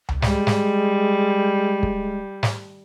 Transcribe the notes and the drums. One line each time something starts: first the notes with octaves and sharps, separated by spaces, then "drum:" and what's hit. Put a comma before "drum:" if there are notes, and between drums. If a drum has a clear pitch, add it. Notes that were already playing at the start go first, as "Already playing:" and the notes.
drum: tom C#2
G3 G#3, drum: snare
drum: snare
drum: kick
drum: snare